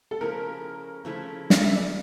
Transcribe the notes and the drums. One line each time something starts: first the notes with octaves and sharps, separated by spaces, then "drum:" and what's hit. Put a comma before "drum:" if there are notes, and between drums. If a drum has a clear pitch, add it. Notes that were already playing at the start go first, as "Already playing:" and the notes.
A4
C#3 F3 A3 E4 A#4
C#3 F3 A3 E4
F5, drum: snare
E5
D5